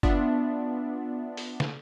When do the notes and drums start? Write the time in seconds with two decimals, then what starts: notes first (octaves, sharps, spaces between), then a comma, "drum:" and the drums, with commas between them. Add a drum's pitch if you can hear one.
0.03 B3 D4 F4 D5 E5, drum: kick F#1
1.37 drum: open hi-hat
1.60 drum: snare